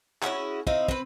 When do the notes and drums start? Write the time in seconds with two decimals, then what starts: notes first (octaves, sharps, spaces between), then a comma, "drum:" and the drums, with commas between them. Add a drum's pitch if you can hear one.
0.22 C#4 E4 F#4 G#4, drum: clap
0.67 C4 D#4 E4 F5, drum: kick
0.88 C4 B4, drum: kick